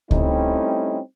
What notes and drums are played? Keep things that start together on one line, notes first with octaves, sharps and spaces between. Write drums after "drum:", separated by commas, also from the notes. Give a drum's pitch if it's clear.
G3 A3 C4 C#4 D#4 E4, drum: kick C#2